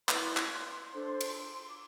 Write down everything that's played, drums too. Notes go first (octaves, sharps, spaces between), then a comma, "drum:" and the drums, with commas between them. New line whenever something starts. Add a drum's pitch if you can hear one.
E4 B4 C6, drum: clap
drum: clap
D4 A4 C5
drum: cymbal
D6